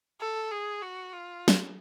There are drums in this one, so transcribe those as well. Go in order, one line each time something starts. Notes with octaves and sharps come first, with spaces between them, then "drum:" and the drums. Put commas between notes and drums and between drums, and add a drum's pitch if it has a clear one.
A4
G#4
F#4
F4
drum: snare